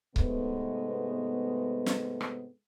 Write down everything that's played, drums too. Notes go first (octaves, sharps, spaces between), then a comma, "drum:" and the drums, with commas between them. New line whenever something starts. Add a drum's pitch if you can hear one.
G#2 C3 G#3 A3 B3, drum: kick C#1
drum: snare
drum: rim click